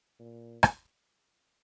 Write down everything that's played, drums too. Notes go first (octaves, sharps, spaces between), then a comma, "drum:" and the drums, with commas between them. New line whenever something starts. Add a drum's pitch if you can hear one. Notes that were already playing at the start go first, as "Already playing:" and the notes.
A#2
drum: rim click